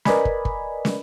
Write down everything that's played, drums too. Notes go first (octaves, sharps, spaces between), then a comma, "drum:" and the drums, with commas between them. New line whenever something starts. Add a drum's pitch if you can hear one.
A#4 B4 D5 D#5 G#5 B5, drum: snare
drum: kick
drum: kick
drum: snare